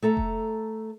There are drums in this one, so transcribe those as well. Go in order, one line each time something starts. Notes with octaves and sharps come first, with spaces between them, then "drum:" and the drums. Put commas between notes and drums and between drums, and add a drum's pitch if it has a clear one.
A3 A4 A#5
drum: kick F1